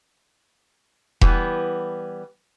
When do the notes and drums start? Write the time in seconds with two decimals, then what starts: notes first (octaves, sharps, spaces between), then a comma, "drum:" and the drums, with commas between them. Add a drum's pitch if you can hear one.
1.21 E3 G3 B3, drum: kick E1